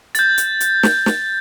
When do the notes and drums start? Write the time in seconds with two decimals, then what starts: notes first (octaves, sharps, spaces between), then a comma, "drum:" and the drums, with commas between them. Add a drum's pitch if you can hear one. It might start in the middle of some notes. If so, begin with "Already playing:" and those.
0.15 G6 A6, drum: hi-hat
0.38 drum: hi-hat
0.60 drum: hi-hat
0.83 drum: snare
1.06 drum: snare